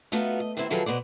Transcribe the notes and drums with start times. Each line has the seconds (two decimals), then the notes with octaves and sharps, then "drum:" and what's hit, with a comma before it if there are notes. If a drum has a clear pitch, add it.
0.12 A3 B3 D#4 F4 F#4, drum: hi-hat
0.40 D#5
0.57 C3 D#3 B3 C4 E4
0.70 D#3 F3 F#3 G#4 A4 B4, drum: hi-hat
0.86 B2 B3 C5 D5